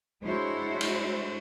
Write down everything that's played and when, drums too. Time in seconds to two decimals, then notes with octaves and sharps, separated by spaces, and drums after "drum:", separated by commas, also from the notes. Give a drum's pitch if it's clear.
0.23 G#3 D4 E4 F#4 C5 C#5
0.81 drum: cymbal